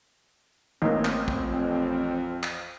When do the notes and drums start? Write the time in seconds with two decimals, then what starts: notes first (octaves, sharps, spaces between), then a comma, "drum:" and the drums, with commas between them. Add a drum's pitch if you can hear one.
0.82 A1 A#3 C4 D#4
1.05 drum: clap
1.28 drum: kick
1.39 F2
2.43 drum: clap